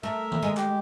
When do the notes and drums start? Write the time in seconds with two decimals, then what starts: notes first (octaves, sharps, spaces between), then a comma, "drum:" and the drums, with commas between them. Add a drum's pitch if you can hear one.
0.03 A3 A#4 E5
0.32 drum: tom D#3
0.43 G#3
0.57 G4, drum: clap